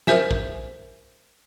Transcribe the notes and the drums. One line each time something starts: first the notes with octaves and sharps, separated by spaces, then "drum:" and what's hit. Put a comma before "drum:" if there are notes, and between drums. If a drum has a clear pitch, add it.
A#4 C5 E5 G#5, drum: snare
drum: kick